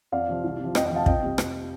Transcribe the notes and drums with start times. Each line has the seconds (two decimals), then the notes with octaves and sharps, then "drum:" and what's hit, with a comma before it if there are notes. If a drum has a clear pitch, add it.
0.12 F2 D5 F5
0.28 C3 F3
0.44 C2
0.59 C3 F3
0.75 F2 D#5 G5, drum: rim click
0.85 D#5 G5
0.91 C3 F3
0.96 F5 A5
1.06 F2 D#5 G5, drum: kick
1.22 C3 G3
1.38 drum: rim click